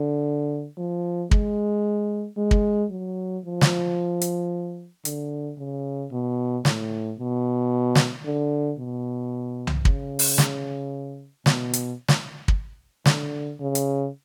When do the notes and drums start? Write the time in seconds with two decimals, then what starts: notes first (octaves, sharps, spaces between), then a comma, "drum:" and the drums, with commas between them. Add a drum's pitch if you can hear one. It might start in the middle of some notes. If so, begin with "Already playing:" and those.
Already playing: D3
0.78 F3
1.31 G#3, drum: kick
2.37 G#3
2.51 drum: kick
2.90 F#3
3.45 F3
3.61 drum: snare
4.21 drum: hi-hat
5.05 D3, drum: hi-hat
5.58 C#3
6.11 B2
6.65 A2, drum: snare
7.19 B2
7.95 drum: snare
8.25 D3
8.79 B2
9.67 drum: tom C2
9.85 C#3, drum: kick
10.19 drum: open hi-hat
10.38 drum: snare
11.46 B2, drum: snare
11.73 drum: hi-hat
12.08 drum: snare
12.48 drum: kick
13.06 D3, drum: snare
13.60 C#3
13.75 drum: hi-hat